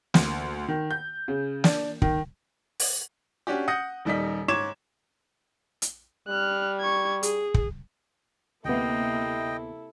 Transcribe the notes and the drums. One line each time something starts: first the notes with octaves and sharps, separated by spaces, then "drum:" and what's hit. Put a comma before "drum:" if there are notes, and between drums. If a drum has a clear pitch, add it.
D2, drum: snare
D#3
G6
C#3
D4, drum: snare
D#3, drum: kick
drum: open hi-hat
C#4 D4 F#4 G4
F#5 D#6 G6 A#6 C#7
D#1 D#3 G3 D5 D#5 B6
G#2 C#5 D6 G#6 E7
drum: hi-hat
G3 F6 F#6
C#6 G#6
G#4, drum: hi-hat
drum: kick
D2 C3 A#3 B3 E4 A4 D#5 G5